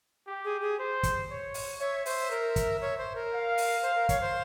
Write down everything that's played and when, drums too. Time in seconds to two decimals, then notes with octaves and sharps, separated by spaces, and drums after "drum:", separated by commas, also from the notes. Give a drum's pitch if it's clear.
0.27 G4
0.45 G#4
0.61 G#4
0.77 C5
1.03 drum: kick, hi-hat
1.29 C#5
1.54 drum: open hi-hat
1.80 C#5 E5
2.06 C5, drum: open hi-hat
2.31 A#4
2.56 drum: kick, hi-hat
2.81 C#5
2.98 C5
3.15 A#4
3.33 F5
3.58 drum: open hi-hat
3.82 C5
3.95 A#4
4.09 C#5, drum: kick, hi-hat
4.21 C5